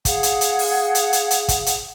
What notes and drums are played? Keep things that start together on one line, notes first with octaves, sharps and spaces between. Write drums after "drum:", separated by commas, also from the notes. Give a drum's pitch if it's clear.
G#4 F5 F#5, drum: kick, hi-hat
drum: hi-hat
drum: hi-hat
drum: open hi-hat
drum: hi-hat
drum: hi-hat
drum: hi-hat
drum: kick, hi-hat
drum: hi-hat